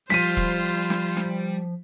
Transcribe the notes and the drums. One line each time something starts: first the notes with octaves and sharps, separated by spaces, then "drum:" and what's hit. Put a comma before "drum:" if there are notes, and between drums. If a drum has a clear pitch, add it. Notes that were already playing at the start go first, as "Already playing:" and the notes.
F3 G3 F4 C5 B6 D#7, drum: snare
drum: kick E1
drum: snare
drum: snare